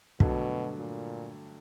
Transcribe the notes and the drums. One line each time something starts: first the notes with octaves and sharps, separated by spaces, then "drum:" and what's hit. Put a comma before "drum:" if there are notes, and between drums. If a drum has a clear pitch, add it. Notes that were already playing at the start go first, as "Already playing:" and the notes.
G2 B2 D3 F#3 A3, drum: kick
A#2